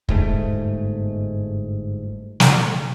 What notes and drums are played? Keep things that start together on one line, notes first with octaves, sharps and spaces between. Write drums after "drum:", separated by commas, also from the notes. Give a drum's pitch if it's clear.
G1 G#2 A3, drum: kick
drum: snare